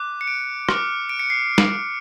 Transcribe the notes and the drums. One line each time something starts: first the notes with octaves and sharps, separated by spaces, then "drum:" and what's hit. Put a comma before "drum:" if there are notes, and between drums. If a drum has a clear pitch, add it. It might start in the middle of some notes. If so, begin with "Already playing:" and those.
Already playing: D6 F#6
C#7
D7
D6 F6, drum: rim click
D7
C#7
C7
drum: snare